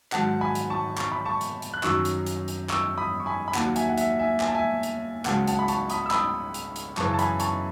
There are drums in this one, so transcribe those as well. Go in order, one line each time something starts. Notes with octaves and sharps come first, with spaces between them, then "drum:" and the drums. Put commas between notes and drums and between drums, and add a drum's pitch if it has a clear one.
G#2 D#3 F#3 F#5 A5, drum: clap
G#5 B5
drum: hi-hat
A5 C#6
C#6, drum: clap
B5
A5 C#6
drum: hi-hat
drum: hi-hat
F#6
F#2 D#3 F#3 C#6 E6, drum: clap
drum: hi-hat
drum: hi-hat
drum: hi-hat
C#6 E6, drum: clap
B5 D#6
C#6
G#5 B5
B5
D#2 D#3 F#3 F#5 A5, drum: clap
E5 G#5, drum: hi-hat
F#5
E5, drum: hi-hat
E5 G#5
G#5, drum: clap
A5
E5 G#5
drum: hi-hat
C#2 C#3 F#3 F#5 A5, drum: clap
F#5 A5, drum: hi-hat
B5
A5 C#6, drum: hi-hat
B5 D#6, drum: hi-hat
E6
B5 D#6, drum: clap
drum: hi-hat
drum: hi-hat
F#2 C#3 E3 A5 C#6, drum: clap
A5
G#5 B5, drum: hi-hat
A5 C#6, drum: hi-hat